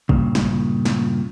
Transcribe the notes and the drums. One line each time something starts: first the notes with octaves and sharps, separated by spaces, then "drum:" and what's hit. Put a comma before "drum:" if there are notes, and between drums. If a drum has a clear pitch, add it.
G2 A#2 C#3, drum: kick
drum: snare
drum: snare